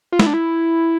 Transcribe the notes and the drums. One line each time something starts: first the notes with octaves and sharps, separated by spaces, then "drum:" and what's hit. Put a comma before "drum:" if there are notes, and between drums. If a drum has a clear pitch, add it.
F4
E4, drum: snare
D4
E4